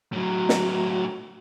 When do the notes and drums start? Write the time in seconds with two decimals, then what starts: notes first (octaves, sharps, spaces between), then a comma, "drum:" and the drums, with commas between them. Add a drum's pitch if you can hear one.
0.12 A2 F#3
0.49 drum: snare